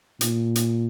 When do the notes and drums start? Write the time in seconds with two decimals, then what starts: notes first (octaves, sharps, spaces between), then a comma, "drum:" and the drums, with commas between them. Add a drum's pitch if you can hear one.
0.21 A#2, drum: hi-hat
0.56 drum: hi-hat